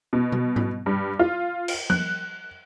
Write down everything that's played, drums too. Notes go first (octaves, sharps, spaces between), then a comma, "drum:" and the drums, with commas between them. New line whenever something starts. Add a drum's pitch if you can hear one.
B2
drum: tom B2
drum: tom G#2
G2
F4
drum: cymbal
F#6, drum: tom F3